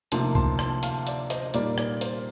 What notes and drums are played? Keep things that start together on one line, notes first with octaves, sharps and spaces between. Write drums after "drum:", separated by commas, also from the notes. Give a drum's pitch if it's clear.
D2 C3 F3 A#3 D#4 A5 C6, drum: hi-hat
A5 C6, drum: kick C2
A5 C6, drum: rim click
F5 A5, drum: hi-hat
D5, drum: hi-hat
C5 D#5, drum: hi-hat
A#2 G3 A#3 D#4 D5, drum: hi-hat
D5, drum: rim click
C5, drum: hi-hat